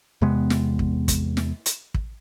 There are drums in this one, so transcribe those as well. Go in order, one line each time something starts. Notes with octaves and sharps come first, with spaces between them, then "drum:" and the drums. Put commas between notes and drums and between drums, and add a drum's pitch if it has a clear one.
E2 C3 G#3 B3
drum: snare
drum: kick
drum: kick, hi-hat
drum: snare
drum: hi-hat
drum: kick